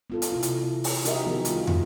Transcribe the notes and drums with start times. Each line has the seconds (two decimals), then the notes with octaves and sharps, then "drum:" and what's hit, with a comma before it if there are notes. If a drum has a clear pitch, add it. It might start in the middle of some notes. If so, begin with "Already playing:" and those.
0.10 B3 F4 A4
0.22 drum: hi-hat
0.32 C3 E4
0.43 drum: hi-hat
0.59 E4
0.84 drum: open hi-hat
1.05 D#4 F#4 G4 A#4 D#5 E5, drum: hi-hat
1.26 D#3 F3 B3 G#4
1.45 G3 B3 F4, drum: hi-hat
1.67 drum: tom